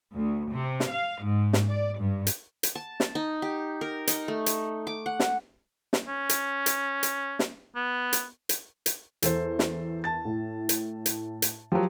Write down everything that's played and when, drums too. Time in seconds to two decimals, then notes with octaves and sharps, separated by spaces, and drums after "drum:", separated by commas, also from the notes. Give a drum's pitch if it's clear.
0.14 D2
0.51 C3
0.80 drum: snare
0.89 F5
1.23 G#2
1.53 drum: snare
1.69 D5
1.99 G2
2.27 drum: hi-hat
2.63 drum: hi-hat
2.75 A5
3.00 drum: snare
3.15 D#4
3.42 G4
3.81 A#4
4.07 D#4, drum: hi-hat
4.28 A3
4.46 drum: hi-hat
4.87 D6
5.06 F#5
5.20 drum: snare
5.93 drum: snare
6.07 C#4
6.29 drum: hi-hat
6.66 drum: hi-hat
7.03 drum: hi-hat
7.39 drum: snare
7.76 B3
8.13 drum: hi-hat
8.49 drum: hi-hat
8.86 drum: hi-hat
9.22 E2 A4 C5, drum: hi-hat
9.59 drum: snare
10.04 A5 A6
10.25 A2
10.69 drum: hi-hat
11.06 drum: hi-hat
11.42 drum: hi-hat
11.72 F3 F#3 G4